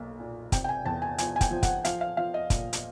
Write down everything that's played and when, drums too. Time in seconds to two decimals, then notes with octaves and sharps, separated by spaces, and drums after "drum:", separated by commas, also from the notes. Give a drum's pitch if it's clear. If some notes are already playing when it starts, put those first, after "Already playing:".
Already playing: B1 A#3
0.20 A#2
0.52 C3 G5, drum: kick, hi-hat
0.64 G5
0.69 G#5
0.85 E2 A5
1.02 G#5
1.18 F3 G#5, drum: hi-hat
1.36 G#5
1.41 G5, drum: kick, hi-hat
1.51 F3
1.63 F#5, drum: kick, hi-hat
1.85 F3 F5, drum: hi-hat
2.01 F5
2.17 F3 F5
2.34 D#5
2.50 A#2, drum: kick, hi-hat
2.73 drum: hi-hat